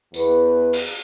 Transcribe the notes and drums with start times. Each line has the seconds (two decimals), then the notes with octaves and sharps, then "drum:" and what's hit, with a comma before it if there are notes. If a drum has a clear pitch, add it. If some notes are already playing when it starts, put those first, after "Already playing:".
0.14 E2 B4, drum: tambourine
0.73 drum: open hi-hat